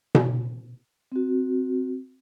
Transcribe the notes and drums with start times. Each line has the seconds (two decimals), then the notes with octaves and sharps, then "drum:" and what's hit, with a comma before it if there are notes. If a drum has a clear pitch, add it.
0.15 drum: tom B2
1.12 C4 F#4